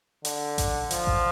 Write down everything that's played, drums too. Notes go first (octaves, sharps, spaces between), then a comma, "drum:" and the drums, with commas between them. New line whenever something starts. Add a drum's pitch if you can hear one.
D3, drum: hi-hat
drum: kick A1, hi-hat
F3, drum: hi-hat
drum: kick A1